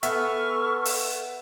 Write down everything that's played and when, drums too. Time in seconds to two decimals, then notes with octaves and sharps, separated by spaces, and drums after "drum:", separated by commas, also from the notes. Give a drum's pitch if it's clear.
0.03 B3 A4 E5 G#5 C#6 F6, drum: hi-hat
0.85 drum: open hi-hat